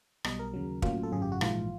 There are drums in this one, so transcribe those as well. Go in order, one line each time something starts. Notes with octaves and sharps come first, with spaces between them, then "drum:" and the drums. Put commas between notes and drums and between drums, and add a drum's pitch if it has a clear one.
B1 B2 G3 D#5, drum: rim click
A#4
D#2 C#3 F#3
A2 F#3 A#3 C#4 F4, drum: kick
A4
G#1 F#2 C#3 G#4
G4
F#4
A#1 G#2 E3 F4, drum: rim click